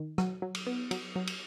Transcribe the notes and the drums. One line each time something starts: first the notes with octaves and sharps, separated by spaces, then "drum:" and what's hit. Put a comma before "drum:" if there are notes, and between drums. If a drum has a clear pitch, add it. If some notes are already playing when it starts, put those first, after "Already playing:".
Already playing: D#3
F#3, drum: rim click
F#3
drum: cymbal
B3
F#3, drum: cymbal
F#3
drum: cymbal